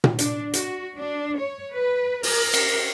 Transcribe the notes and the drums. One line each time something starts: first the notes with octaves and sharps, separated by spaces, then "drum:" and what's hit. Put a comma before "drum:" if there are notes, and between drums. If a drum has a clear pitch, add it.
drum: tom A#2
D4, drum: hi-hat
F#4, drum: hi-hat
D4
C#5
B4
A#4, drum: open hi-hat
drum: cymbal